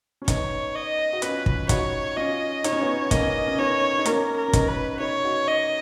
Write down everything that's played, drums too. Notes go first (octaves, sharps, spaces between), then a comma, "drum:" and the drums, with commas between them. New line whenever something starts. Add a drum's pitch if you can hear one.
C#4
B3 D#4 C#5, drum: kick, hi-hat
D#5
F#4
C#4 F4 B4, drum: hi-hat
drum: kick
D#4 F#4 C#5, drum: kick, hi-hat
C#4 F4 D#5
D#4 C#5, drum: hi-hat
C#4
B3 D#4
A#3 C#4 D#5, drum: kick, hi-hat
C#4
B3 D#4 C#5
D#4
A#3 C#4 A#4, drum: hi-hat
A#4
C#4
B3 D#4, drum: kick, hi-hat
B4
B3 D#4 C#5
D#4 F#4
D#5